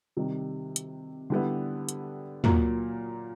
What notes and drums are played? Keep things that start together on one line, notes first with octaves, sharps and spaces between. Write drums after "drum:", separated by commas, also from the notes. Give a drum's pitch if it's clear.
C3 D#3 G3
drum: hi-hat
D3 G3 B3 E4
drum: hi-hat
A#2 F#3 A#3, drum: tom